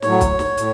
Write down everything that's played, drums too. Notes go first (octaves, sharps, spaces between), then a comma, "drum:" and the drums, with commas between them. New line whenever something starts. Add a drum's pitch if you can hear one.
A2 F#3 C#5, drum: snare
drum: kick B1, hi-hat
drum: snare
A2, drum: hi-hat